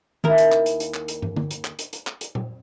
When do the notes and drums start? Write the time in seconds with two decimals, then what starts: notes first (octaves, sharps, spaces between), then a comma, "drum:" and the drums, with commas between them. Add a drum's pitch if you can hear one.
0.24 D#2 E4 A#4, drum: tom D#3
0.38 drum: hi-hat
0.52 drum: clap
0.66 drum: hi-hat
0.80 drum: hi-hat
0.94 drum: clap
1.08 drum: hi-hat
1.22 drum: tom
1.36 drum: tom D3
1.51 drum: hi-hat
1.65 drum: clap
1.79 drum: hi-hat
1.93 drum: hi-hat
2.07 drum: clap
2.21 drum: hi-hat
2.35 drum: tom A#2